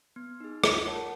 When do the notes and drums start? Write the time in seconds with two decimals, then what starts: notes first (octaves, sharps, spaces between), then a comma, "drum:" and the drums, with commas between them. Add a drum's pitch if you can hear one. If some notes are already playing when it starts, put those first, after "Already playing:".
0.16 B3
0.40 D#4 G#4
0.64 F4, drum: rim click
0.87 A#4 C#5 F#5 A5